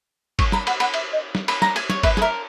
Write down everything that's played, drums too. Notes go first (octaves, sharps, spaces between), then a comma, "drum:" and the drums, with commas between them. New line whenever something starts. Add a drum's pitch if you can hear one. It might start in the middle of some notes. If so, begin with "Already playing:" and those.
C#6, drum: kick G1, cymbal
A#5 B5, drum: snare
F#5 B5, drum: cymbal
F#5 B5, drum: cymbal
E5, drum: cymbal
D#5
drum: snare
B5, drum: cymbal
A#5, drum: snare
G#5, drum: cymbal
C#5, drum: snare
B4 E5, drum: kick G1, cymbal
G#4, drum: snare
A#4 E5